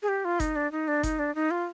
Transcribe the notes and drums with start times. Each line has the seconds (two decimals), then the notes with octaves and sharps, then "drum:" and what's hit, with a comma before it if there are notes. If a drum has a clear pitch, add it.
0.02 G#4
0.08 G4
0.25 F4
0.40 D#4, drum: kick F#1, hi-hat
0.56 D4
0.72 D#4
0.88 D4
1.03 D#4, drum: kick F#1, hi-hat
1.19 D4
1.35 D#4
1.51 F4